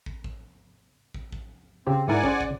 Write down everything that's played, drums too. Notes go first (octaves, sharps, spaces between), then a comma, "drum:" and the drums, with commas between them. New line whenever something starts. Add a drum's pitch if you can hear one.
drum: kick
drum: kick
drum: kick
drum: kick
C#3 C4 G4 C5
G#2 E4 A#4 D5 F#5 G#5
C#4 G#4 C5, drum: kick
drum: kick